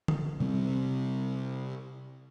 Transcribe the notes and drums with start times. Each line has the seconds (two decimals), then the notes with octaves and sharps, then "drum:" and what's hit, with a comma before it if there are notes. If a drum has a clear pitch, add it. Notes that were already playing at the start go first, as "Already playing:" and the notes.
0.08 drum: tom D3
0.40 C3 G3 C4